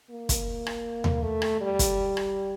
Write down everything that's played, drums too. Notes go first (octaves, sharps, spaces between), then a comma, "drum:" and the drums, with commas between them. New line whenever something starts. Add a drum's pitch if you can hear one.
A#3
drum: kick, hi-hat
drum: rim click
drum: tom D#2
A3
drum: rim click
G3
drum: kick, hi-hat
drum: rim click